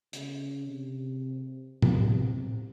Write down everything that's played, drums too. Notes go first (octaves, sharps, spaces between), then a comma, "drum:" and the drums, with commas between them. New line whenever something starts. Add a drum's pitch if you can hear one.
C#3, drum: hi-hat
C3
C3, drum: tom A2